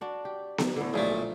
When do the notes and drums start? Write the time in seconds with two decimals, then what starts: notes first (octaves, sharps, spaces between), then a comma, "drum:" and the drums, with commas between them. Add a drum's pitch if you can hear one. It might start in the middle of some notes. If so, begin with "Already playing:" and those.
0.01 D4 F#4
0.25 G4
0.58 drum: snare B3
0.76 A2 D3
0.94 B1 A#2 F3 A3 G#4